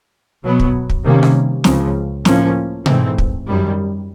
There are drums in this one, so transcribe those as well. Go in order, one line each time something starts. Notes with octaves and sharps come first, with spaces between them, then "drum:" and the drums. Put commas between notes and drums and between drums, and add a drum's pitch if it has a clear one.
B2 F#3 B3
drum: kick
drum: kick
C3 D#3 G3 A#3 C#4
drum: rim click
C#2 C#3 F3, drum: snare
A2 F3 A#3 C#4, drum: snare
G#2 E3 A3 C4, drum: tom B2
drum: kick
F#2 D#3 G3